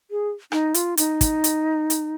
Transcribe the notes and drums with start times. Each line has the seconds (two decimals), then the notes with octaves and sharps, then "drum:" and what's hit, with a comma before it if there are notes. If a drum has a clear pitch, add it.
0.11 G#4
0.52 D#4, drum: rim click
0.74 F4, drum: hi-hat
0.97 D#4, drum: hi-hat
1.21 drum: kick, hi-hat
1.44 drum: hi-hat
1.90 drum: hi-hat